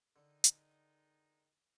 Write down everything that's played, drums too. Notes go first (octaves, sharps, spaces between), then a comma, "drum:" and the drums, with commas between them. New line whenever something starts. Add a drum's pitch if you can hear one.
D3 D#3 G#3 D#4
drum: hi-hat